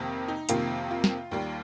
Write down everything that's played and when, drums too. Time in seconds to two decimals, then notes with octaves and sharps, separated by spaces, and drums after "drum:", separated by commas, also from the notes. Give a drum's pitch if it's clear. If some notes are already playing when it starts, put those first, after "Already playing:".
Already playing: F2 C3 D#3 A#3
0.28 D#4
0.49 F2 C3 D#3 A#3 F4, drum: hi-hat
0.91 F4
1.04 drum: snare
1.31 D#2 D#3 G3 A#3